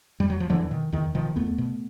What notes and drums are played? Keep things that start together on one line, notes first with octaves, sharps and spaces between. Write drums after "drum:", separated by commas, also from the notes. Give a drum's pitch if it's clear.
G3, drum: tom E2
F#3
F3
E2 D3 E3, drum: tom E3
B2 D#3
E2 D#3
B2 D#3 F3
E2 A3 B3
B2